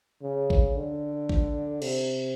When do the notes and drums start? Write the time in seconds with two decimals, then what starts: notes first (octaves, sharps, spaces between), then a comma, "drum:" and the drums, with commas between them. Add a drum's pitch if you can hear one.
0.22 C#3
0.50 drum: kick A1
0.76 D3
1.29 drum: kick A1
1.82 C3, drum: cymbal